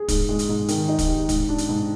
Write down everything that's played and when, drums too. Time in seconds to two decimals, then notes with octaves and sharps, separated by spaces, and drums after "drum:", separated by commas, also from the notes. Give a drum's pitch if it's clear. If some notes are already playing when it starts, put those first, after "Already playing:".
Already playing: G#4
0.08 G#2, drum: kick, hi-hat
0.29 G#3
0.39 drum: hi-hat
0.49 G#2
0.68 D#3, drum: hi-hat
0.88 D#4
0.99 drum: kick, hi-hat
1.08 G4
1.29 G#2, drum: kick, hi-hat
1.49 D4
1.58 drum: hi-hat
1.69 G#2